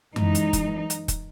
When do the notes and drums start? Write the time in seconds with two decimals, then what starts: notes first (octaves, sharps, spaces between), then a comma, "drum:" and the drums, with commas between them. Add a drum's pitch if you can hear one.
0.16 F#2 E3 G#3 D#4, drum: tom F#2
0.35 drum: hi-hat
0.53 drum: kick, hi-hat
0.90 drum: hi-hat
1.08 drum: kick, hi-hat